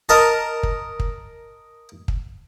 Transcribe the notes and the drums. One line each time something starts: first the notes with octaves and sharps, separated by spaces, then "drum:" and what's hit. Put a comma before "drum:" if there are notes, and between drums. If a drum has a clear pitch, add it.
A#4 D#5 A5
drum: kick
drum: kick
drum: kick